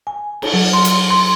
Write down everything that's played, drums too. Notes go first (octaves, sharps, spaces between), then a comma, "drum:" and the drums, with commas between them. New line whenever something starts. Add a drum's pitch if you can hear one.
G#5
drum: cymbal
F#3
C6
drum: hi-hat
C6